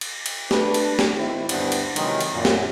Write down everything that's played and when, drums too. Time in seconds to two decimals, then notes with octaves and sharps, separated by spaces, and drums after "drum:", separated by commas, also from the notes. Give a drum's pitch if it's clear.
0.01 drum: cymbal
0.26 drum: cymbal
0.51 A3 D4 B4, drum: snare
0.74 drum: cymbal
0.99 drum: snare
1.17 G#2 D#3 C4 E4
1.49 D2 G2 B3 D4 E4 C5, drum: cymbal
1.72 drum: cymbal
1.96 C3 D#3 E3 F#3 G#3, drum: cymbal
2.21 drum: cymbal
2.33 F#2 A#2
2.45 drum: snare